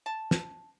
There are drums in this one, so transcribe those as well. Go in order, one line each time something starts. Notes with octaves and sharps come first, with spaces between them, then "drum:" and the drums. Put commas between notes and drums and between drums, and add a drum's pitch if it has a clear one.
A5
drum: snare